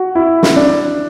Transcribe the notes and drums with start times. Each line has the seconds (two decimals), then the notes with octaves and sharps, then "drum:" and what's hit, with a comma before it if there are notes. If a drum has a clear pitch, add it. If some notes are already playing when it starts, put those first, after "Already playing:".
Already playing: F#4
0.15 E4
0.43 drum: snare
0.56 D4